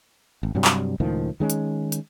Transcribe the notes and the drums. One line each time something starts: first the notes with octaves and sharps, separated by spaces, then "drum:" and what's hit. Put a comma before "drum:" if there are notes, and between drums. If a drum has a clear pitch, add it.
G#1
G2 C3 F#3 G3
drum: clap
C#2 A2 D#3 F3
D#3 G#3 C#4
drum: hi-hat
drum: hi-hat